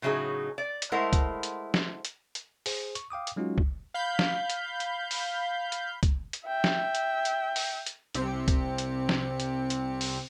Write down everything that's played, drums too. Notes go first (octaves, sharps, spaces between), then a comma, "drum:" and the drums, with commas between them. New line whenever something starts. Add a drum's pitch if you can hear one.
A2 C#3 F#3 D#4 G#4
D5
drum: hi-hat
G#3 A3 E4 A#4 C5 F#5
drum: kick, hi-hat
drum: hi-hat
drum: snare
drum: hi-hat
drum: hi-hat
G#4 C5, drum: open hi-hat
C#6, drum: hi-hat
F5 G5 D6 D#6
drum: hi-hat
F#3 G#3 C#4 D#4 F4 F#4
drum: kick
F5 B5 G6
drum: snare
drum: hi-hat
drum: hi-hat
drum: open hi-hat
drum: hi-hat
drum: kick, hi-hat
drum: hi-hat
E5 G5
drum: snare
drum: hi-hat
drum: hi-hat
drum: open hi-hat
drum: hi-hat
C2 C3 C4 G4 C#7, drum: hi-hat
drum: kick, hi-hat
drum: hi-hat
drum: snare
drum: hi-hat
drum: hi-hat
drum: open hi-hat